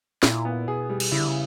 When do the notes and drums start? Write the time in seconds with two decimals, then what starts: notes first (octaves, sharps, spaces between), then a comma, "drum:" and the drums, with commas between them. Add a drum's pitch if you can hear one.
0.23 A#2 E4, drum: snare
0.45 B3
0.67 B2 G#4
0.90 G3
1.00 drum: cymbal
1.11 C#3 E4
1.19 D3
1.27 C#3